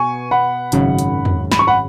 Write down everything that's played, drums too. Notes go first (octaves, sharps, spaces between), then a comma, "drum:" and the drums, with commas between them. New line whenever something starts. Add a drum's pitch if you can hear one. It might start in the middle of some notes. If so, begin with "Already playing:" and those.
Already playing: B2 B3 G#5 C#6
F#5 B5
G#1 F#2 C#3, drum: hi-hat
drum: hi-hat
drum: tom E2
B5, drum: snare
C#6
F#5 B5